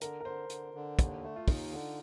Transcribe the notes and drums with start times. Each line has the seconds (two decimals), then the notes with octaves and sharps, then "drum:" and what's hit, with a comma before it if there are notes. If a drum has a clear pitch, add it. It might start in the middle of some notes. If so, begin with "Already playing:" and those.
0.01 D3 A#4, drum: hi-hat
0.21 A#4
0.25 D3 C5
0.50 D3, drum: hi-hat
0.74 D3
0.99 D#2, drum: kick, hi-hat
1.23 A3
1.36 F4
1.48 D#2 D#4, drum: kick, open hi-hat
1.72 D3